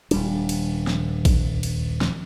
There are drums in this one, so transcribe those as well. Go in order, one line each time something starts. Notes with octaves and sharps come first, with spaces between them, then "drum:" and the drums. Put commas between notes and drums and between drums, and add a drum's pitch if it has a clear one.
D#1 G3 D4, drum: cymbal
drum: cymbal
drum: snare
drum: kick A1, cymbal
drum: cymbal
drum: snare